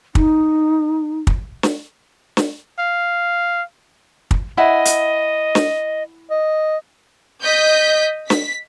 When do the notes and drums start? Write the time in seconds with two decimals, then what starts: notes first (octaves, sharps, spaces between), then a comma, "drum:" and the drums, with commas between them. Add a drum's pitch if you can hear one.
0.15 D#4, drum: kick
1.27 drum: kick
1.63 drum: snare
2.37 drum: snare
2.79 F5
4.31 drum: kick
4.57 E4 D#5 F#5 G#5
4.85 drum: hi-hat
5.55 drum: snare
6.30 D#5
7.43 D#5 G6 B6
8.30 B6, drum: snare